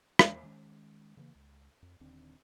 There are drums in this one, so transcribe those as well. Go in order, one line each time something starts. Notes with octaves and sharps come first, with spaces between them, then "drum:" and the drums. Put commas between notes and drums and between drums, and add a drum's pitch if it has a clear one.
D#2 A#3, drum: rim click
D#3 G#3 C#4
C#3 E3 F#3 A#3
C#2
F2
D#1 D#2 D3 C4